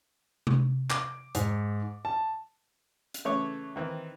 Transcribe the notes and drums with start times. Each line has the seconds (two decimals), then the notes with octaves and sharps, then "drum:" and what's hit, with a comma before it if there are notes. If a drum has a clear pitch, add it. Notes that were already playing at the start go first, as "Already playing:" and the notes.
0.47 drum: tom C3
0.90 D6, drum: clap
1.35 G#2, drum: hi-hat
2.05 A5
3.14 drum: hi-hat
3.25 C#3 E3 A3 C#5 C#6 D6
3.76 D#3 E3 C4